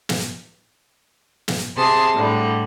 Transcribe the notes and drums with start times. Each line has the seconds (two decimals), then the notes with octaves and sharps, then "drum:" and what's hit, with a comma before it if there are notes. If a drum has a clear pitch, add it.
0.09 drum: snare
1.48 drum: snare
1.76 C3 G#4 A5 C6
2.13 A2 D3 G3